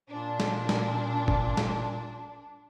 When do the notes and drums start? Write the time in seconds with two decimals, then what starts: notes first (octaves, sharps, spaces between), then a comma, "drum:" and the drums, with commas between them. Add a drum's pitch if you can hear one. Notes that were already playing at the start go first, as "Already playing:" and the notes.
0.10 A#2 D4
0.40 drum: snare
0.69 drum: snare
1.28 drum: kick
1.57 drum: snare